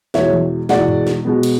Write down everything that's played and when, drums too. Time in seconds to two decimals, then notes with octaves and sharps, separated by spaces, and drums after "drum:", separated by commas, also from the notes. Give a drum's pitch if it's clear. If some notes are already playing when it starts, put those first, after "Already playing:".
0.14 E2 B2 G#3 C#5 E5, drum: snare
0.33 drum: tom
0.69 E2 B2 G#3 D5 F#5, drum: snare
0.88 drum: tom G2
1.07 drum: snare
1.25 B2 G#3 B3
1.43 drum: cymbal